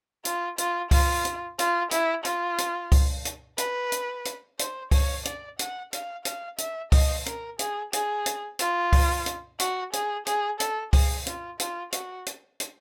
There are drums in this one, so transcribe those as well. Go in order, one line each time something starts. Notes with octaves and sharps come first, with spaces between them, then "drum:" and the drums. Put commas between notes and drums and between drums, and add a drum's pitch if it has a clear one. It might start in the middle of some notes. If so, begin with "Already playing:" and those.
F4, drum: hi-hat
F4, drum: hi-hat
F4, drum: kick C#2, open hi-hat
drum: hi-hat
F4, drum: hi-hat
E4, drum: hi-hat
F4, drum: hi-hat
drum: hi-hat
drum: kick C#2, open hi-hat
drum: hi-hat
B4, drum: hi-hat
drum: hi-hat
drum: hi-hat
C5, drum: hi-hat
C#5, drum: kick C#2, open hi-hat
D5, drum: hi-hat
F#5, drum: hi-hat
F5, drum: hi-hat
F5, drum: hi-hat
E5, drum: hi-hat
D#5, drum: kick C#2, open hi-hat
A#4, drum: hi-hat
G#4, drum: hi-hat
G#4, drum: hi-hat
drum: hi-hat
F4, drum: hi-hat
drum: kick C#2, open hi-hat
drum: hi-hat
F#4, drum: hi-hat
G#4, drum: hi-hat
G#4, drum: hi-hat
A4, drum: hi-hat
G#4, drum: kick C#2, open hi-hat
F4, drum: hi-hat
F4, drum: hi-hat
F#4, drum: hi-hat
drum: hi-hat
drum: hi-hat